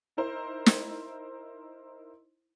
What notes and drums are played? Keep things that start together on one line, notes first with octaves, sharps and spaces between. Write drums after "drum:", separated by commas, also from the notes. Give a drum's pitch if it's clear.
D#4 E4 A#4 C5
drum: snare